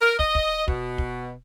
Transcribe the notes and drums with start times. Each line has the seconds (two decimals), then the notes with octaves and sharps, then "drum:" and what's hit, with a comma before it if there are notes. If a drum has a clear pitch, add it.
0.02 A#4
0.19 D#5, drum: kick
0.35 drum: kick
0.68 B2, drum: kick
0.98 drum: kick